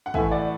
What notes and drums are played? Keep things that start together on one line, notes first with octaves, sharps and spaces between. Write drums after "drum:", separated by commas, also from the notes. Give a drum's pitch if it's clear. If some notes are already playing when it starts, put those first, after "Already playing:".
F#5
A2 E3 A3 E5 G#5, drum: kick
D5 F#5